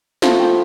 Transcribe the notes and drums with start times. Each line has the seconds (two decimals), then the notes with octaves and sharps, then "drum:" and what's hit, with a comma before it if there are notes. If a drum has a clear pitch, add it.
0.22 F3 A3 E4 E5, drum: snare
0.40 G5